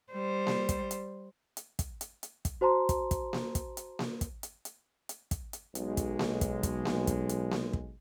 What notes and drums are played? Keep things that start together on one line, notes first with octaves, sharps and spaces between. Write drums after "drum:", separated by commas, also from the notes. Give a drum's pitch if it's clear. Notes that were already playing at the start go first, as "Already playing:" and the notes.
G3 C5
drum: snare A#3
drum: kick, hi-hat
drum: hi-hat
drum: hi-hat
drum: kick, hi-hat
drum: hi-hat
drum: hi-hat
drum: kick, hi-hat
F#4 C5 A5 A#5 C6
drum: kick, hi-hat
drum: kick, hi-hat
drum: snare A#3
drum: kick, hi-hat
drum: hi-hat
drum: snare A#3
drum: kick, hi-hat
drum: hi-hat
drum: hi-hat
drum: hi-hat
drum: kick, hi-hat
drum: hi-hat
B1 G#3, drum: hi-hat
drum: kick, hi-hat
drum: snare A#3
drum: kick, hi-hat
drum: kick, hi-hat
drum: snare A#3
drum: kick, hi-hat
drum: hi-hat
drum: snare A#3
drum: kick